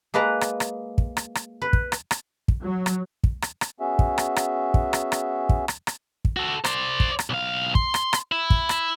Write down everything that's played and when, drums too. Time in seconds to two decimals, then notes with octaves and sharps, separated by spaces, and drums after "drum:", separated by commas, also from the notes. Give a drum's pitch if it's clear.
0.14 G#3 A#3 B4 A5 A#5
0.41 drum: rim click
0.60 drum: rim click
0.98 drum: kick
1.17 drum: rim click
1.35 drum: rim click
1.62 B4
1.73 drum: kick
1.92 drum: rim click
2.11 drum: rim click
2.48 drum: kick
2.63 F#3
2.86 drum: rim click
3.24 drum: kick
3.42 drum: rim click
3.61 drum: rim click
3.80 B3 C#4 F#4 G#4 E5
3.99 drum: kick
4.18 drum: rim click
4.36 drum: rim click
4.74 drum: kick
4.93 drum: rim click
5.12 drum: rim click
5.49 drum: kick
5.68 drum: rim click
5.87 drum: rim click
6.25 drum: kick
6.37 F#4 A4
6.64 C5 D5, drum: rim click
7.00 drum: kick
7.19 drum: rim click
7.30 B1 F5
7.75 C6, drum: kick
7.94 drum: rim click
8.13 drum: rim click
8.32 E4
8.50 drum: kick
8.69 drum: rim click